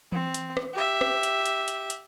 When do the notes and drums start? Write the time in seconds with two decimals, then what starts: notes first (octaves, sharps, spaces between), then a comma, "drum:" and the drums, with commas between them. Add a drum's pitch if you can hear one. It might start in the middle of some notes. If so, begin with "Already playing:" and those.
0.12 C4, drum: tom E3
0.34 drum: hi-hat
0.57 drum: rim click
0.74 G4 E5
1.01 drum: rim click
1.23 drum: hi-hat
1.46 drum: hi-hat
1.68 drum: hi-hat
1.90 drum: hi-hat